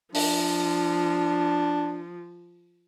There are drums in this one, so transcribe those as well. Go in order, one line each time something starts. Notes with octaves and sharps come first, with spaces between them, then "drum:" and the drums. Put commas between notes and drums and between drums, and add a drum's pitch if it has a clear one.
F3 D4, drum: open hi-hat